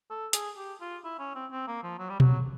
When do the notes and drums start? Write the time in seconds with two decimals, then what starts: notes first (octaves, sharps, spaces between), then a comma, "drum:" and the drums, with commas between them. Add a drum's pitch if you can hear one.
0.10 A4
0.33 G#4, drum: hi-hat
0.57 G4
0.81 F4
1.04 E4
1.19 C#4
1.35 C4
1.51 C4
1.67 A#3
1.83 F3
1.99 F#3
2.10 G3
2.20 F#3, drum: tom B2